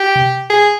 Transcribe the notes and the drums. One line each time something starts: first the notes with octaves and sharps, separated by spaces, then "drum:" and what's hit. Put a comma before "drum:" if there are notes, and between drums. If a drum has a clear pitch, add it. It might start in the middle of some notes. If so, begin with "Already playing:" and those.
Already playing: G4
drum: tom B2
G#4